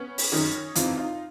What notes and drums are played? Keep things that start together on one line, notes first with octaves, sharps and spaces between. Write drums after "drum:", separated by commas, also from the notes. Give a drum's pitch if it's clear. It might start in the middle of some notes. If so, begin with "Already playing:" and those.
Already playing: B3 C#4
drum: open hi-hat
F#2 D#3 C#4 D#4
F2 C3 E3 D#4 F4, drum: hi-hat
D#4 F4